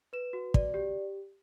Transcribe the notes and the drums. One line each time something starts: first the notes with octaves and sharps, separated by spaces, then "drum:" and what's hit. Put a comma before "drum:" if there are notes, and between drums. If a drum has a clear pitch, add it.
B4 E7
F#4
D5, drum: kick
G4